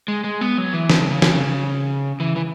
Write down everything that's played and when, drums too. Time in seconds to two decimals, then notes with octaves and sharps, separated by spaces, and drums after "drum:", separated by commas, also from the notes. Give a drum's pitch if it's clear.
0.08 G#3
0.24 G#3
0.41 B3
0.58 F#3
0.73 E3
0.90 C#3, drum: snare
1.11 C#3
1.22 drum: snare
1.33 C#3
2.20 E3
2.36 E3